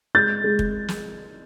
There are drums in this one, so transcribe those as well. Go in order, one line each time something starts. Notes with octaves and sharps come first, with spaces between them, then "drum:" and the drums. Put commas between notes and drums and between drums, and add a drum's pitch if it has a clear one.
G#3 G6 A6
G#3
drum: kick
drum: snare